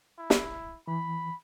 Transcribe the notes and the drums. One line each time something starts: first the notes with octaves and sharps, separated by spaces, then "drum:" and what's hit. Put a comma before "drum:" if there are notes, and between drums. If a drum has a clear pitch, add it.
E4
drum: snare
E3 B5